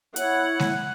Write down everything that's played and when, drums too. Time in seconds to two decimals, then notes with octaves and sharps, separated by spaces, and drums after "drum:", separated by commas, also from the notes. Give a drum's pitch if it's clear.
0.16 E4 C#5 F#5, drum: hi-hat
0.60 drum: snare G#3